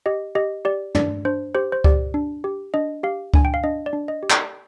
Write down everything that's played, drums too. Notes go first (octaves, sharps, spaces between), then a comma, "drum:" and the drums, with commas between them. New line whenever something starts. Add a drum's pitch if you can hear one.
G4 D#5
G4 D#5
G4 D5
D4 D5, drum: tom
D4 C5
G4 C5
C5
G4 D5, drum: kick C#2
D4
G4
D4 D#5
G4 F5
D4 G#5, drum: kick C#2
G5
F5
D4 D#5
D5
D4
D#5
G4
D5, drum: clap